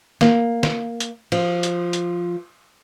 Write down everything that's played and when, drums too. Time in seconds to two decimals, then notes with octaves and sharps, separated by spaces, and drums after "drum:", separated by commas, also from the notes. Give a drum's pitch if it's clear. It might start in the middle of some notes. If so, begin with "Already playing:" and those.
0.21 A#3, drum: snare
0.63 drum: snare
1.00 drum: hi-hat
1.32 F3, drum: cymbal
1.63 drum: hi-hat
1.93 drum: hi-hat